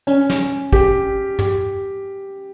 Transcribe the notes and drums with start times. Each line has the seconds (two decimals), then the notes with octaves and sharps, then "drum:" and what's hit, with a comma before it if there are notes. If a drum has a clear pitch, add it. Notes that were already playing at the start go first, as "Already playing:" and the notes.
0.07 C#4, drum: hi-hat
0.30 drum: snare
0.73 G4, drum: kick
1.39 G4, drum: tom